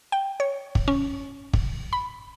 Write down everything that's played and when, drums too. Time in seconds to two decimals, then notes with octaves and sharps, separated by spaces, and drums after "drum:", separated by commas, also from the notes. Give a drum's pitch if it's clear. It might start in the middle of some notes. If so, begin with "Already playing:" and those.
0.12 G5
0.40 C#5
0.75 drum: kick
0.88 C#4
1.53 drum: kick
1.93 B5